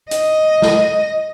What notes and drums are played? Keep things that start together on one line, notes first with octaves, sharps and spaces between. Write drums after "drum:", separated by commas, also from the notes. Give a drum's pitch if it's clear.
D#5, drum: hi-hat
drum: snare